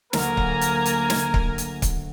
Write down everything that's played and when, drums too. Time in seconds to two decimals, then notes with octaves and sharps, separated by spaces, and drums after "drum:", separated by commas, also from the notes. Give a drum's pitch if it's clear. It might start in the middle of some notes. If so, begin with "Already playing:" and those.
0.13 D2 F#3 A#3 A#4 G#5 A#5, drum: snare
0.37 drum: kick C#1
0.61 drum: hi-hat
0.86 drum: hi-hat
1.10 drum: snare
1.34 drum: kick C#1
1.58 drum: hi-hat
1.82 drum: kick C#1, hi-hat